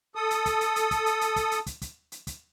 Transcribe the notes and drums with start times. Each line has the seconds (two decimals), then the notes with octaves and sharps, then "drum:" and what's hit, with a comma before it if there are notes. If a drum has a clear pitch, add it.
0.15 A4 D#6
0.31 drum: hi-hat
0.46 drum: kick, hi-hat
0.61 drum: hi-hat
0.76 drum: hi-hat
0.91 drum: kick, hi-hat
1.06 drum: hi-hat
1.21 drum: hi-hat
1.36 drum: kick, hi-hat
1.51 drum: hi-hat
1.66 drum: kick, hi-hat
1.82 drum: kick, hi-hat
2.12 drum: hi-hat
2.27 drum: kick, hi-hat